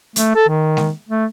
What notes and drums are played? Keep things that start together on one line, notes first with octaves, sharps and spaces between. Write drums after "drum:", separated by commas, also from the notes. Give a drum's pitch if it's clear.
A3, drum: hi-hat
A4
D#3
drum: snare G#3
A3